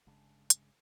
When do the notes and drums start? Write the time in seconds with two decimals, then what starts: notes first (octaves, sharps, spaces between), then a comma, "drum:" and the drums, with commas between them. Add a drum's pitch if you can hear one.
0.06 G1 C#3 G#3 D4
0.50 drum: hi-hat